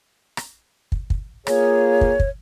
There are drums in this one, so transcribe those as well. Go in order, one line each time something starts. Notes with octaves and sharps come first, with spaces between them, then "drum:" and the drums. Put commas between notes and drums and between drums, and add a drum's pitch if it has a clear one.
drum: rim click
drum: kick
drum: kick
A#3 F4 G#4 C#5, drum: rim click
drum: kick
drum: kick